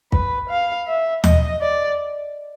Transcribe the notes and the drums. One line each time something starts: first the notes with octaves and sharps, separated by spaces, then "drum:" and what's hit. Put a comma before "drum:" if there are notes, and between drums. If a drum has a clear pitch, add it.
B4, drum: kick
F5
E5
D#5, drum: tom D#2
D5